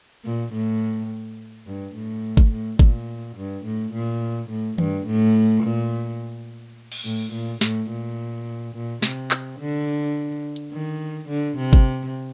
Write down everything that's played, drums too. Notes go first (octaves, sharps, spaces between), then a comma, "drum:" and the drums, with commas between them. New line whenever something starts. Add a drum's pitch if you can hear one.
A#2
A2
G2
A2
drum: kick G1
A2
A#2, drum: kick G1
G2
A2
A#2
A2
G2, drum: tom D#3
A2
A#2
drum: cymbal
A2
A#2
A2, drum: snare
A#2
A#2
C3, drum: snare
drum: clap
D3
drum: hi-hat
D#3
D3
C3
drum: kick G1